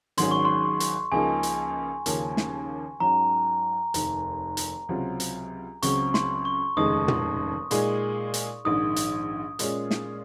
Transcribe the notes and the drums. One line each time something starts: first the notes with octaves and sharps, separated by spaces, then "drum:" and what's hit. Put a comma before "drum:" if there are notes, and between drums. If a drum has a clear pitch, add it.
G#1 G#2 F#3 C#4 G#4 C6, drum: hi-hat
C#6
C6
drum: hi-hat
C#2 C#3 F3 A#3 D#4 G#5
drum: hi-hat
D#2 C#3 F3 A#3 C#4, drum: hi-hat
drum: snare
G#2 F#3 C#4 A#5
F1 D#2 D#3, drum: hi-hat
drum: hi-hat
C#2 C3 F#3 C4 F4
drum: hi-hat
C#2 C#3 F#3 C4 C#6, drum: hi-hat
C6, drum: snare
C#6
F1 D#2 C#3 G#3 D#4 D#6
drum: tom
A#2 G#3 D#4 G#4, drum: hi-hat
drum: hi-hat
A#1 G#2 D#3 D#6
drum: hi-hat
A#2 G#3 C#4 F4 G#4, drum: hi-hat
drum: snare